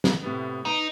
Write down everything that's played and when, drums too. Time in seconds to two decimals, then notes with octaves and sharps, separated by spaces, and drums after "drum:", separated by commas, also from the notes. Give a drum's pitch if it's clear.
0.04 drum: snare
0.22 A2 C3 B3
0.65 D#4 B4 D7